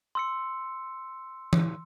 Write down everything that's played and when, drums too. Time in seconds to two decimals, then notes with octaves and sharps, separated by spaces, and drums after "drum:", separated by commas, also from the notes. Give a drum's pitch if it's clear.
0.15 C6 E6 C#7
1.53 drum: tom E3